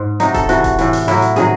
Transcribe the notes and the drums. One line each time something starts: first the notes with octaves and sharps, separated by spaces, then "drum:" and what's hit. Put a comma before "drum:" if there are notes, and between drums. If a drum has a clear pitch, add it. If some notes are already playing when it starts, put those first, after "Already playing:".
Already playing: G#2
C3 F#3 D#4, drum: hi-hat
A4, drum: kick D#1, hi-hat
C3 E3 F#4, drum: hi-hat
drum: kick D#1, hi-hat
A2 E3, drum: hi-hat
drum: open hi-hat
A2 F#3 E4, drum: hi-hat
drum: hi-hat
C3 D#3 F#3 G#4, drum: hi-hat